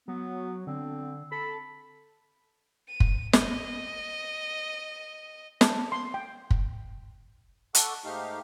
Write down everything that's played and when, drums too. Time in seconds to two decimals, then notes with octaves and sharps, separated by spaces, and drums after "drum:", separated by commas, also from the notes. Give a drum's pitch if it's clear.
0.08 F#3 B3
0.67 D3 C4
1.32 A4 B5
2.89 D#7
3.00 drum: kick
3.33 D#5, drum: snare
5.61 A5, drum: snare
5.92 C6
6.14 G5
6.50 drum: kick
7.75 A4 F#5 C#6 D6, drum: hi-hat
8.04 G#2 A3 D#4 G4 F5